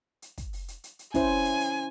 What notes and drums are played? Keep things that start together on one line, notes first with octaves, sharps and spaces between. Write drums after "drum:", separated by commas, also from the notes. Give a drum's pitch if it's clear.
drum: hi-hat
drum: kick, hi-hat
drum: open hi-hat
drum: hi-hat
drum: hi-hat
drum: hi-hat
C#4 E4 C5 G#5, drum: kick, hi-hat
drum: hi-hat
drum: hi-hat